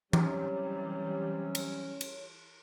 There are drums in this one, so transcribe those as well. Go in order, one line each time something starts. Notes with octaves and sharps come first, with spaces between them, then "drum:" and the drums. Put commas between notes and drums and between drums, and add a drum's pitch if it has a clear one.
C3 E3 F#3 G3 C#4 C#5, drum: tom E3
drum: cymbal
drum: cymbal